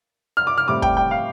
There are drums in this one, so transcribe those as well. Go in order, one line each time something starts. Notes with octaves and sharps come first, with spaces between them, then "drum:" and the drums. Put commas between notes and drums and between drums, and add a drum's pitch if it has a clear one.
F6
D6
F6
A2 G3 C4 D6
G5, drum: kick
G5
F5